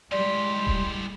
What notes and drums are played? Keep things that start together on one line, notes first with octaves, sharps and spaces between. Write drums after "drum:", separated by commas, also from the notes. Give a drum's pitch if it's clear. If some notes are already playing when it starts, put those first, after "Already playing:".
A2 G3 G#3 G4 D5 C6
drum: kick D#1